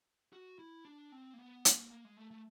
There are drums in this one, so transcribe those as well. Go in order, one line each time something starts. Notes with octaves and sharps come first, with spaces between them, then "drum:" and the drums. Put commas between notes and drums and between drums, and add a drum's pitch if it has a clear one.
F#4
E4
D4
C4
A#3
B3
A#3, drum: hi-hat
A#3
G#3
A3
A3